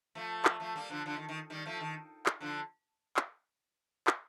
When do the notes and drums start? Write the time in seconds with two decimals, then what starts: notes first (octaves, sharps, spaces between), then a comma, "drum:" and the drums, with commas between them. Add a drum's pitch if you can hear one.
0.15 F3 A3
0.45 drum: clap
0.60 F3 A3
0.76 G3 A#3
0.90 D3 F3
1.06 D3 F3
1.17 D#3
1.28 D#3
1.50 D#3 G3
1.66 F3 A3
1.80 D#3
2.26 drum: clap
2.40 D3 F3
3.17 drum: clap
4.07 drum: clap